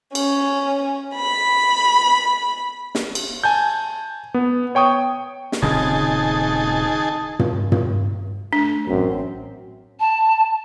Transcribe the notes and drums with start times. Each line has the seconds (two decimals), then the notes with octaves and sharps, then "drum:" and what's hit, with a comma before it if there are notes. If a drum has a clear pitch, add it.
0.15 C#4, drum: cymbal
1.15 B5
2.95 drum: snare
3.15 drum: cymbal
3.44 G#5 A5 G6
4.34 B3
4.75 C#5 G5 C#6 D#6
5.52 drum: snare
5.62 D#1 C#3 C4 D#4 G#4 A5
7.39 drum: tom
7.72 drum: tom
8.53 A3 D4
8.87 A1 F#2 C4
9.99 A5